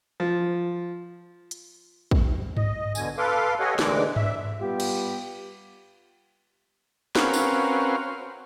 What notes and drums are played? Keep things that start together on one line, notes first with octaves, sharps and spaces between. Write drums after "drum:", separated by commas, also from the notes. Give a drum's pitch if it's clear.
F3
drum: hi-hat
drum: kick
D#5, drum: tom G2
B2 D3 G#5, drum: tambourine
A4 B4 F5 C6 D6
G4 A4 C#5 D#5 F#5 G#5
D2 A#2 D3 E3 G#3 D6, drum: snare
E5, drum: tom G2
G3 B3 F4 G4
drum: cymbal
C4 C#4 F#4 A#4 B4 F5, drum: snare
drum: tambourine